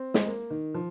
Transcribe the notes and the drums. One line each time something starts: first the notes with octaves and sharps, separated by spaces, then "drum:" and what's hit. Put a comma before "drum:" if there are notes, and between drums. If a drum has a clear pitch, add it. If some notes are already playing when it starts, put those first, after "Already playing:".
Already playing: C4
G#3, drum: snare
A#3
D#3
F3